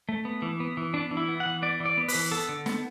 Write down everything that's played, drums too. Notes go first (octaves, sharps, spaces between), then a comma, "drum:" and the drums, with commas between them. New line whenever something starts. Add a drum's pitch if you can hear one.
A3
B3
E3
B3
E3
B3 D4
E3
E4
B3
F#5
E3
B3 D5
E3
D5
B3
B4, drum: open hi-hat
E3
B3 A4
D3
B3, drum: snare